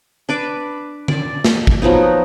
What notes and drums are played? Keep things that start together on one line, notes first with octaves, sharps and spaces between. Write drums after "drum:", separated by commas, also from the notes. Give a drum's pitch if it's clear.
D4 B4 D6
D5, drum: tom D3
drum: snare
drum: kick G#1
F3 F#3 B3 D#4